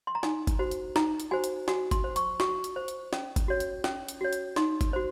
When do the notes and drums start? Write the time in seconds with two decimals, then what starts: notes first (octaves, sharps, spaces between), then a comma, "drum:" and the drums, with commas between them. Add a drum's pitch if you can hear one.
0.07 C6
0.15 A#5
0.23 D#4 G#5, drum: snare
0.47 drum: kick G1, hi-hat
0.59 F#4 C5
0.71 drum: hi-hat
0.96 D#4 A#5, drum: snare
1.20 drum: hi-hat
1.31 F#4 C5 G#5
1.44 drum: hi-hat
1.68 F#4 G#5, drum: snare
1.91 C6, drum: kick G1, hi-hat
2.04 C5
2.16 C#6, drum: hi-hat
2.40 F#4 C#6, drum: snare
2.64 drum: hi-hat
2.76 C5
2.88 drum: hi-hat
3.13 C#4, drum: snare
3.36 drum: kick G1, hi-hat
3.48 F#4 C#5
3.60 drum: hi-hat
3.84 C#4, drum: snare
4.09 drum: hi-hat
4.21 F#4 C#5
4.33 drum: hi-hat
4.56 D#4 C6, drum: snare
4.81 drum: kick G1, hi-hat
4.93 F#4 C5